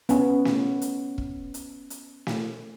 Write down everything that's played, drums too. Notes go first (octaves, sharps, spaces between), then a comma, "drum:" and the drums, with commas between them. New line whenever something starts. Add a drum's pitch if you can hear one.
B3 C#4, drum: hi-hat
drum: snare
drum: hi-hat
drum: kick
drum: hi-hat
drum: hi-hat
drum: snare